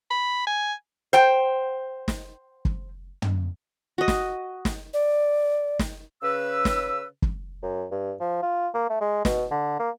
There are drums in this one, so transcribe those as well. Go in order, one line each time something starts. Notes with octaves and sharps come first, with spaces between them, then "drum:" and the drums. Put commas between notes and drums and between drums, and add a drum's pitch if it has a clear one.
B5
G#5
C5 G5
drum: snare
drum: kick
drum: tom
F#4 D#5
drum: snare
drum: snare
D5
drum: snare
C#3 B4 E6
drum: snare
drum: kick
F#2
G2
F3
F4
A#3
A3
G#3
B2, drum: snare
D3
A#3